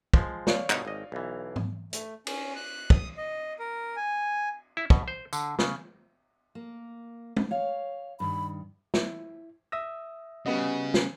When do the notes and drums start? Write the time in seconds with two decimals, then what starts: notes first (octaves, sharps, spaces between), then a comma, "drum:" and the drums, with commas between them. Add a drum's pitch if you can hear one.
0.14 F3 G#3, drum: kick
0.47 C#5 D5 F5, drum: snare
0.70 G1 B2 D#4, drum: clap
0.85 G#1 D#5
1.12 B1 E3
1.56 drum: tom G#2
1.93 A3, drum: hi-hat
2.27 C#4, drum: cymbal
2.56 F#6
2.90 D#6, drum: kick
3.17 D#5
3.59 A#4
3.96 G#5
4.77 E4
4.90 B2, drum: kick
5.08 C5
5.33 D3, drum: tambourine
5.59 C#3, drum: snare
6.55 A#3
7.37 drum: tom
7.51 C#5 F5
8.20 G2 D#3 B5
8.94 E4, drum: snare
9.72 E5 D#6 E6 A#6
10.46 C#3 G3 B3 F#4 D#5 B5
10.94 drum: snare